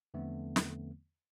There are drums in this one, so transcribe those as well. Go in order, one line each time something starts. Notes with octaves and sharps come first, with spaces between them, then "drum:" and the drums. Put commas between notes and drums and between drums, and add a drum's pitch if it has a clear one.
E2 D3 F3 A3 B3 C4
drum: snare